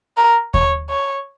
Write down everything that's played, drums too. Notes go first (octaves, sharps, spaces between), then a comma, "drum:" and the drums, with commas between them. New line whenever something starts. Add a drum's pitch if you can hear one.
A#4
C#5, drum: kick D#2
C#5